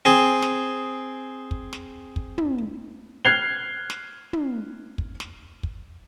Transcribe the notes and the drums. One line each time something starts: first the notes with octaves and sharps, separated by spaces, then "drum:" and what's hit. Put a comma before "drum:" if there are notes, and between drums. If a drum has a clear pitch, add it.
C4 G#4
drum: snare
drum: kick
drum: snare
drum: kick
drum: tom
F6 F#6 G#6 C7 F7 G7
drum: snare
drum: tom
drum: kick
drum: snare
drum: kick